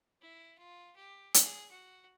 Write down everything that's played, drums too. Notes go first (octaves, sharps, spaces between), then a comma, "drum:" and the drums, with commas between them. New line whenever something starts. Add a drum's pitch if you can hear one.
E4
F4
G4
G#4, drum: hi-hat
F#4